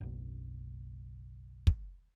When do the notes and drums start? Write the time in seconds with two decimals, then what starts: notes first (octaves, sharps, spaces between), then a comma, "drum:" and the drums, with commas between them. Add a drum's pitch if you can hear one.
0.01 F#1 B1
1.67 drum: kick